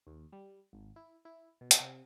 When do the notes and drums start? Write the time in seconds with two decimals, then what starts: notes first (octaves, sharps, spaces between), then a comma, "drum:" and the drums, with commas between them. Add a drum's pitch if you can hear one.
0.07 D#2
0.33 G3
0.73 G#1
0.96 E4
1.25 E4
1.61 B2
1.71 drum: hi-hat
1.80 C3